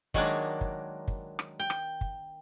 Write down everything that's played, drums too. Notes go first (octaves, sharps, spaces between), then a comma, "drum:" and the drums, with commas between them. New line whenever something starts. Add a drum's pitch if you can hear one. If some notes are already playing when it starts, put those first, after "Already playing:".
D#3 F#3 G#3 A#3 D4, drum: kick
drum: kick
drum: kick
drum: rim click
G5
drum: rim click
drum: kick